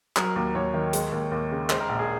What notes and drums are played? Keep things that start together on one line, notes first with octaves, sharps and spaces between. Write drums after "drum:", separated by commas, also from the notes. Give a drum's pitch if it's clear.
F#3 A#4, drum: clap
D#2
D#2 C#5
D#3
G#3, drum: hi-hat
D#2
D#2
C#3
G#3 C5, drum: clap
A#4
A#1
G#4